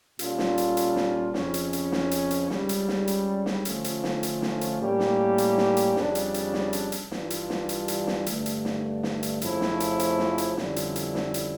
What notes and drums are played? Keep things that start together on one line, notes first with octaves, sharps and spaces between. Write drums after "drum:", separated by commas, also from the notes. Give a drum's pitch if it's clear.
A#2 G3 C#4 F4 A4, drum: hi-hat
drum: snare
drum: hi-hat
drum: hi-hat
drum: snare
F2 C#3 F3 C#4, drum: snare
drum: hi-hat
drum: hi-hat
drum: snare
drum: hi-hat
drum: hi-hat
C#2 C#3 G3, drum: snare
drum: hi-hat
drum: snare
drum: hi-hat
drum: snare
D3 F3 A3 C#4 F4, drum: hi-hat
drum: hi-hat
drum: snare
drum: hi-hat
drum: snare
drum: hi-hat
A2 G3 A#3 C#4 G4
drum: snare
drum: hi-hat
drum: snare
drum: hi-hat
F2 C#3 G3 D4, drum: snare
drum: hi-hat
drum: hi-hat
drum: snare
drum: hi-hat
drum: hi-hat
G2 E3 G3 D4 F4, drum: snare
drum: hi-hat
drum: snare
drum: hi-hat
drum: hi-hat
drum: snare
G2 D3 A3, drum: hi-hat
drum: hi-hat
drum: snare
drum: snare
drum: hi-hat
F2 C#3 F3 A3 E4, drum: hi-hat
drum: snare
drum: hi-hat
drum: hi-hat
drum: snare
drum: hi-hat
F2 D3 G3 C#4 E4, drum: snare
drum: hi-hat
drum: hi-hat
drum: snare
drum: hi-hat